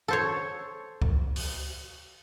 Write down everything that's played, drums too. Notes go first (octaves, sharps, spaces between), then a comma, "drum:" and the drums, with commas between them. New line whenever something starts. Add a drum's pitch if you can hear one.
A4 C5 C#5
drum: kick C#2
drum: open hi-hat